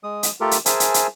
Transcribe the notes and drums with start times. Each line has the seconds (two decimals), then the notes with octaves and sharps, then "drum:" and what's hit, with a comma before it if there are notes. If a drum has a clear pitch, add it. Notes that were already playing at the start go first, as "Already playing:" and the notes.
0.04 G#3 D#6
0.23 drum: hi-hat
0.40 A3 F4 G4 A4 A#4
0.51 drum: hi-hat
0.66 G#4 A#4 C5 E5 G#5 A5, drum: hi-hat
0.80 drum: hi-hat
0.94 drum: hi-hat